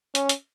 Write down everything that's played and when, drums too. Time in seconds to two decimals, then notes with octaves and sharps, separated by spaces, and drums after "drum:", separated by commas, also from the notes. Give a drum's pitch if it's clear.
0.15 C#4, drum: hi-hat
0.29 drum: hi-hat